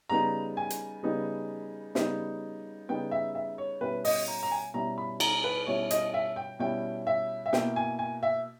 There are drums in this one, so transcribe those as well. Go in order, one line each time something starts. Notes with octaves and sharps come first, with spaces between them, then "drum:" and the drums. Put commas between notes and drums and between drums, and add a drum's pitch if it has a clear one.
C#3 G3 B3 D#4 A#5
G#5
drum: hi-hat
C#3 G3 B3 D#4
C#3 G3 B3 D#4, drum: snare
C#3 G3 B3 D#4 G5
E5
E5
C#5
B2 G3 C#4 E4 B4
D#5, drum: open hi-hat
A#5
A#5
G#5
B2 G3 C#4 E4 A#5
B5
A#5, drum: cymbal
B4
B2 G3 C#4 E4 C#5
D#5, drum: hi-hat
E5
G5
B2 G3 C#4 E4 G5
E5
E5
B2 A#3 E4 G5, drum: snare
G#5
G#5
E5